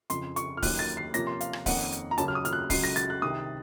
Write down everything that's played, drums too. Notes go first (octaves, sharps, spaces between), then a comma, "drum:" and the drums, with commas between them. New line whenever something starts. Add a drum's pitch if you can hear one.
F2 C#3 F3 C6, drum: hi-hat
C#6, drum: hi-hat
F6
D#2 D#3 F#3 A#3 C#4 F#6, drum: kick C#1, open hi-hat
A6
C7
C3 F3 A#3 C#4 A#6, drum: hi-hat
C6
F5, drum: hi-hat
drum: rim click
F2 D#3 A#3 C#4 F#5, drum: kick C#1, open hi-hat
drum: hi-hat
A#5
D#2 C#3 F#3 A#3 C#4 A5, drum: hi-hat
F6
D#6
F6, drum: hi-hat
F#6
C#2 C#3 F#3 C7, drum: kick C#1, open hi-hat
A#6
A6, drum: hi-hat
F#6
C2 C3 D#3 D#6